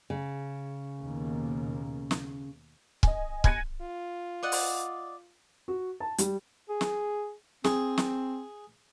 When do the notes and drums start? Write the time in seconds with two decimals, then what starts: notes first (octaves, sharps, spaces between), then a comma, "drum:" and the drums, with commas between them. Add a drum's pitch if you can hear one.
0.10 C#3
0.98 D#2 B2 A#3
2.11 drum: snare
3.03 D#5 G#5, drum: kick
3.44 G#5 F#6 G#6 A#6 C#7 D#7, drum: kick
3.81 F4
4.43 D5 D#5 F#5
4.52 drum: open hi-hat
5.68 F#4
6.00 A5
6.18 G3, drum: hi-hat
6.69 G#4
6.81 drum: snare
7.64 C4 G#4, drum: snare
7.98 drum: snare